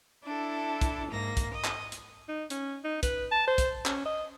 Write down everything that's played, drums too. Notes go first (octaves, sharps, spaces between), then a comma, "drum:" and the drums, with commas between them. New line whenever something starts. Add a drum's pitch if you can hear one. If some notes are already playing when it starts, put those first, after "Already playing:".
D4 E4 A4
drum: kick, hi-hat
G#2 A#3 A#6
drum: kick, hi-hat
D#5
drum: clap
drum: hi-hat
D#4
C#4, drum: hi-hat
D#4
B4, drum: kick, hi-hat
A5
C5
drum: kick, hi-hat
C#4, drum: clap
D#5